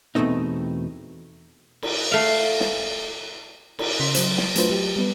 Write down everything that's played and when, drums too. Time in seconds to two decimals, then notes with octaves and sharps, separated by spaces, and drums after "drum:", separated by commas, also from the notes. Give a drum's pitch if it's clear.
0.15 E2 B2 D3 A3 C4 D#4
1.83 drum: cymbal
2.12 A3 F5
2.60 drum: snare
3.79 drum: cymbal
4.00 C#3 C6 B6
4.15 F#3 C5, drum: hi-hat
4.38 drum: snare
4.56 F#3 A3 D4 F4 B4 C5, drum: hi-hat
4.70 F#3 G4
4.96 G3 B3 B4